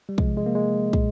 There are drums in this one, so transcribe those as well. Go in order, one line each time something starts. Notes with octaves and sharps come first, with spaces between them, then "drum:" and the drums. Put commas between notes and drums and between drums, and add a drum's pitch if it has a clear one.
G3
C3 F3 G#3, drum: kick
G#3
A#3
G#3
A#2, drum: kick